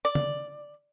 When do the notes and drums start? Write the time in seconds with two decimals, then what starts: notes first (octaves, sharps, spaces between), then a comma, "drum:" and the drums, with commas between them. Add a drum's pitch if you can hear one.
0.05 D5
0.15 drum: tom C#3